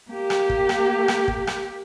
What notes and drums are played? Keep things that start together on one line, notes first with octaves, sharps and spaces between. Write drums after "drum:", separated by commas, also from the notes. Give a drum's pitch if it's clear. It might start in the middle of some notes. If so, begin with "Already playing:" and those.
A#3 G4
drum: rim click
drum: kick
drum: rim click
drum: rim click
drum: kick
drum: rim click